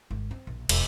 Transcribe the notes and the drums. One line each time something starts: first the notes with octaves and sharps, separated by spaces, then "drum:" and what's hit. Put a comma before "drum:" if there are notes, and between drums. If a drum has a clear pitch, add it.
G#1
C4
A#1
E1, drum: cymbal